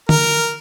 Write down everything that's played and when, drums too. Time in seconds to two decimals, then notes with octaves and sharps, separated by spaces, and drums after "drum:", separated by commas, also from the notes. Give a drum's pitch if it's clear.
0.09 A#4, drum: tom